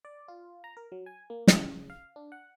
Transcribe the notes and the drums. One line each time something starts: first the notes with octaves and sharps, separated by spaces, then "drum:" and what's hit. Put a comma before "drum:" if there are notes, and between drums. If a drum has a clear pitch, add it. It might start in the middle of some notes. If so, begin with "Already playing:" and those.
D5
F4
A#5
A#4
F#3
G#5
A#3
C#3, drum: snare
F5
D4
F#5